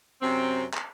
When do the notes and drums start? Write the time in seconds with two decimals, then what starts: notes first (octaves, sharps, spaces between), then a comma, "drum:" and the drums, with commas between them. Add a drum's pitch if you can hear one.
0.22 F#2 C3 C4
0.74 drum: clap